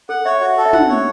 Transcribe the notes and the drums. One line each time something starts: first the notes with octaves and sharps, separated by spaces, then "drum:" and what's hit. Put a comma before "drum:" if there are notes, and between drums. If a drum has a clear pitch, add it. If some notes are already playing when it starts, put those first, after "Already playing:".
A4 F#5
C#5 E5
F#4 E5
A4
E5
F#5, drum: tom
C#5